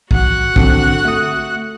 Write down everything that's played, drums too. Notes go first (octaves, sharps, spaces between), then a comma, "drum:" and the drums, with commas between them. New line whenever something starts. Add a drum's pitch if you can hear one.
F#4 F#5, drum: kick
D3 C4, drum: kick
A3 D#6